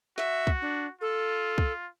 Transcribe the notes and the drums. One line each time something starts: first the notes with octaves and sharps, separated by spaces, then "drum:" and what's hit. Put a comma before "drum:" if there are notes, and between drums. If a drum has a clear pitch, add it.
F#4 E5, drum: snare
drum: kick
D4
F4 A4
drum: kick